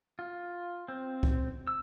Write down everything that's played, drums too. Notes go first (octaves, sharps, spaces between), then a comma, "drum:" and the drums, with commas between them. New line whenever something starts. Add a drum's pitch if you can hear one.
F4
C4
drum: kick C2
E6